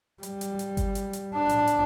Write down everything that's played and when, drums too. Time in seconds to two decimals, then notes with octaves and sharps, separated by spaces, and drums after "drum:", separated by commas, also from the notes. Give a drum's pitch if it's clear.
0.23 G3, drum: hi-hat
0.41 drum: hi-hat
0.59 drum: hi-hat
0.77 drum: kick G1, hi-hat
0.95 drum: hi-hat
1.13 drum: hi-hat
1.35 D4
1.49 drum: hi-hat
1.67 drum: hi-hat